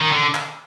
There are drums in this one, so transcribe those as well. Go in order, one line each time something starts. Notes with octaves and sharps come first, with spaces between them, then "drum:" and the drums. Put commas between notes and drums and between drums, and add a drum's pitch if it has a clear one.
D#3
D3
drum: clap